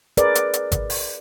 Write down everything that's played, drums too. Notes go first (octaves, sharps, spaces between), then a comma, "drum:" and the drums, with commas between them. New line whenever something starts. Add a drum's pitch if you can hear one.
G#4 A#4 B4 D5, drum: hi-hat
drum: hi-hat
drum: hi-hat
drum: kick G#1, hi-hat
drum: open hi-hat